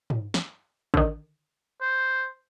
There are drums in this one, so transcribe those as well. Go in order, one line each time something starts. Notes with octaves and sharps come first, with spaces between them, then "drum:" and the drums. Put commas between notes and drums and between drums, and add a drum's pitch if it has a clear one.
drum: tom
drum: snare
D3 D#3, drum: kick
C5